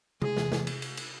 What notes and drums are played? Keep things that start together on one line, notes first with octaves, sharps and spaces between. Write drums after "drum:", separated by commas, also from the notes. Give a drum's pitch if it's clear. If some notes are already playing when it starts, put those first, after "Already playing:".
G#3 G#4, drum: tom C3
E2, drum: snare
drum: snare
drum: cymbal
drum: cymbal
drum: cymbal